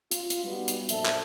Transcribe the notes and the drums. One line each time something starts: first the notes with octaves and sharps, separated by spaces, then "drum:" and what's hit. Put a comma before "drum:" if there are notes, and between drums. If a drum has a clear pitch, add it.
F4, drum: hi-hat
drum: hi-hat
G3 B3 D#4 F#4
drum: hi-hat
A#1 F#2 D4 A4 C5 E5, drum: hi-hat
drum: clap